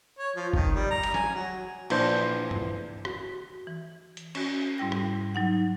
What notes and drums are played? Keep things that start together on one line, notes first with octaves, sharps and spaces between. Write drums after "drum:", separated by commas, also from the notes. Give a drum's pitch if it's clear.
C#5
F3
D#3, drum: kick
G3
A#5
drum: cymbal
G#5, drum: snare
F#3
A#1 E3 D4 C5, drum: cymbal
drum: tom G2
F#4, drum: rim click
E3
drum: hi-hat
C#4 F#4, drum: cymbal
G#2 G3 E4 G5 A#6
drum: rim click
F#3 D#4 F#5